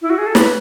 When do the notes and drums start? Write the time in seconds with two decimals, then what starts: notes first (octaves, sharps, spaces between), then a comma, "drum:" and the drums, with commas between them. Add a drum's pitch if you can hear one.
0.02 E4
0.10 F#4
0.18 G#4
0.26 A4
0.35 B4, drum: snare